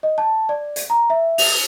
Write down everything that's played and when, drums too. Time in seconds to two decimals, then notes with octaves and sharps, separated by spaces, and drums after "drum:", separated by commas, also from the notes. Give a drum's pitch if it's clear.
0.03 D#5
0.18 A5
0.49 D5
0.76 drum: hi-hat
0.90 A#5
1.10 E5
1.38 F7, drum: open hi-hat